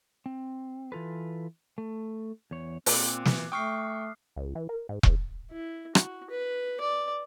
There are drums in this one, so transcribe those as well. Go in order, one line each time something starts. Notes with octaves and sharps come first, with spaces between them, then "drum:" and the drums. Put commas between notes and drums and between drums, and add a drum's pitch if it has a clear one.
C4
E3 F4 A4 B4
A3
E2 C#5
A#2 C4 D6 F#6, drum: open hi-hat
E3, drum: snare
A3 G5 C#6 D#6 F6 C7
C#2
E3
A#4
G#2
E2, drum: kick E1
E4
F#4, drum: rim click
B4
D5